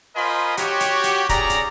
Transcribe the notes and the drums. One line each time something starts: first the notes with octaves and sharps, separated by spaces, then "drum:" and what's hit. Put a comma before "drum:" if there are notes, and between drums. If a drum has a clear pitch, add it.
F4 A#4 C5 D#5 G#5 B5
F#4 G4 C#5, drum: hi-hat
drum: hi-hat
drum: hi-hat
C#4 G#4 D5 A#5, drum: kick, hi-hat
drum: hi-hat